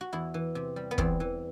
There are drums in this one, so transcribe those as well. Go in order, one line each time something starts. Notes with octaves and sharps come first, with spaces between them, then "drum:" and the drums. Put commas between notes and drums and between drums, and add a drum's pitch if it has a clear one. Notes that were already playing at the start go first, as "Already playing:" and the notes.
F#4
E2 E4
E3
C3
G3
B3
E2 C4, drum: kick
E3